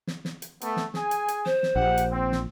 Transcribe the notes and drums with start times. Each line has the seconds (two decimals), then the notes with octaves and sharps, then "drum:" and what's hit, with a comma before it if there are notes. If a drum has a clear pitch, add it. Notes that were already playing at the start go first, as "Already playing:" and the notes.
0.07 drum: snare
0.25 drum: snare
0.42 drum: hi-hat
0.61 A3 B3, drum: hi-hat
0.77 drum: snare
0.94 G#4 G#5, drum: snare
1.11 drum: hi-hat
1.28 drum: hi-hat
1.46 C5, drum: snare
1.63 drum: snare
1.76 A#1 G4 F#5
1.97 drum: hi-hat
2.10 C4
2.32 drum: snare